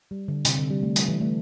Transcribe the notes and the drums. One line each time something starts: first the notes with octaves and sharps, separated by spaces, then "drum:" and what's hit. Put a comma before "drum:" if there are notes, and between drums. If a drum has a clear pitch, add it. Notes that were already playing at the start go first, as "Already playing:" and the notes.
G3
D3
C3, drum: hi-hat
D3
G3
A3
G3, drum: hi-hat
E3
A3